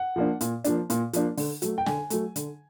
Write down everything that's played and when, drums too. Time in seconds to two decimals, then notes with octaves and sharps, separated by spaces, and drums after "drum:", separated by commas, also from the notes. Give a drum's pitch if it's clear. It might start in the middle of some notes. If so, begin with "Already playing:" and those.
Already playing: F#5
0.16 F3 A#3 D4
0.41 A#2, drum: hi-hat
0.64 F3 A#3 D4, drum: hi-hat
0.90 A#2, drum: hi-hat
1.13 F3 A#3 D4, drum: hi-hat
1.37 D3, drum: open hi-hat
1.62 F#3 A3, drum: hi-hat
1.78 G5
1.86 D3 G#5, drum: snare
2.10 F#3 A3, drum: hi-hat
2.36 D3, drum: hi-hat